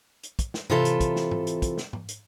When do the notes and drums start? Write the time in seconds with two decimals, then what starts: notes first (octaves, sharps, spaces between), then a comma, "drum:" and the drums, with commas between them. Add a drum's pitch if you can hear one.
0.23 drum: hi-hat
0.39 drum: kick, hi-hat
0.54 drum: snare
0.70 C3 E3 F4 A4 C#5 E5, drum: tom G#2
0.85 drum: hi-hat
1.01 drum: kick, hi-hat
1.16 drum: snare
1.31 drum: tom G#2
1.47 drum: hi-hat
1.62 drum: kick, hi-hat
1.78 drum: snare
1.93 drum: tom G#2
2.09 drum: hi-hat